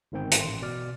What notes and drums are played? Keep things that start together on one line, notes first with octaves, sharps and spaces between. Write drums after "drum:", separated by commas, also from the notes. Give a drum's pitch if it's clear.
G1 G#2 D#3 C4 G5
drum: hi-hat
A1 C6
B2 D5 F6